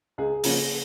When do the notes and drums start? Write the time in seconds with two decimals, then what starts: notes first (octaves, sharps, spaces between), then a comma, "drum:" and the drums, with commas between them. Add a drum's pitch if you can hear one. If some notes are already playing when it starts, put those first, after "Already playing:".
0.18 C#2 G#4
0.44 C#3 F3 A#3 C#4, drum: open hi-hat